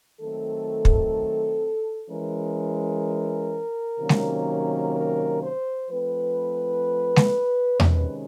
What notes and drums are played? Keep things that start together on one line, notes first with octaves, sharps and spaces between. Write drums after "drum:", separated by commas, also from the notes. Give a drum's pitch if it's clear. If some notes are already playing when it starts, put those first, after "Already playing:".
D#3 F#3 A3 C4 A4
drum: kick
E3 G#3 C#4 A#4
C3 D#3 F#3 A#3 C#4
drum: snare G#3
A#4
C5
F3 A3 C4 B4
drum: snare G#3
C3 D#3 G#3 C#4 B4, drum: tom E2